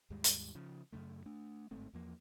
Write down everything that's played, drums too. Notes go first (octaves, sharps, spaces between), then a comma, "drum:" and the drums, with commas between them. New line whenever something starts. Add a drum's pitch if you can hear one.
D#2 G#2 G3 G#3
drum: hi-hat
C#3 F3
F#2 C#3 A3
A3 D4
G1 G#2 A3 C4
E2 F3 A#3